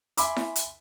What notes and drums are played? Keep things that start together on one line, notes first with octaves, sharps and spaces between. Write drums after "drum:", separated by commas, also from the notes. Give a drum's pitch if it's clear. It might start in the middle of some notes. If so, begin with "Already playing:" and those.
E5 G#5 B5 C6 D6 E6, drum: hi-hat
drum: snare E4
drum: hi-hat